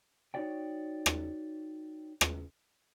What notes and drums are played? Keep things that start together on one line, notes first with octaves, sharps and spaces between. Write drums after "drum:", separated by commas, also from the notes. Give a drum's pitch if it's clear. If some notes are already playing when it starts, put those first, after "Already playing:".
D#4 F#4 C#5 D5 G5
drum: rim click
drum: rim click